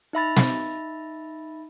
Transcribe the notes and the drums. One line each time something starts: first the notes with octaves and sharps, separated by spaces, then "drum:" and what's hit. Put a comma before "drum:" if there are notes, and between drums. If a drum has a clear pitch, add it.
D#4 E5 B5 A6
drum: snare